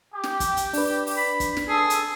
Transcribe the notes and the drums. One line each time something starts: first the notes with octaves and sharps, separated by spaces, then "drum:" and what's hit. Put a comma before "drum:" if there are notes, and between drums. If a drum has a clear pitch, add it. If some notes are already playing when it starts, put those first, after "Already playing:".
G4
drum: snare
drum: kick, hi-hat
drum: hi-hat
D4 B4, drum: open hi-hat
drum: open hi-hat
B5
drum: kick, hi-hat
drum: snare
G#4 A4
drum: hi-hat